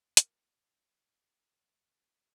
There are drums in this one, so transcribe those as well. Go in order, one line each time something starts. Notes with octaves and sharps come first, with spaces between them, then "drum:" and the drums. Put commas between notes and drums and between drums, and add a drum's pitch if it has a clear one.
F3 A#3, drum: hi-hat